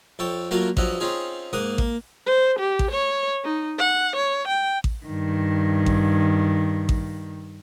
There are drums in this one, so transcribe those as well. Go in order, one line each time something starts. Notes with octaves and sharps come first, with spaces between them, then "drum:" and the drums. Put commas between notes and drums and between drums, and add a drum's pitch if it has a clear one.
F2 A4 C#5 G5
F#3 A3 A#3 F4 F#4 A#4
G2 F3 F#3 D#5 E5 F#5, drum: kick A1
C4 C#4 D#4 F4 G#4
G#2 A#3 F#5 D#6
A#3, drum: kick A1
C5
G4
drum: kick A1
C#5
D#4
F#5
C#5
G5
drum: kick A1
G2 D#3
drum: kick A1
drum: kick A1